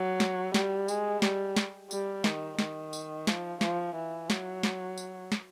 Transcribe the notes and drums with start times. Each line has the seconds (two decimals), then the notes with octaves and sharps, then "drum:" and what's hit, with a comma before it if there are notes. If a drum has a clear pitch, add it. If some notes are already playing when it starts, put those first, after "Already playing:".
Already playing: F#3
0.20 drum: snare
0.54 G3, drum: snare
0.88 G#3, drum: tambourine
1.22 G3, drum: snare
1.57 drum: snare
1.91 G3, drum: tambourine
2.24 D#3, drum: snare
2.59 D#3, drum: snare
2.93 drum: tambourine
3.27 F3, drum: snare
3.61 F3, drum: snare
3.95 E3
4.30 F#3, drum: snare
4.63 drum: snare
4.98 drum: tambourine
5.32 drum: snare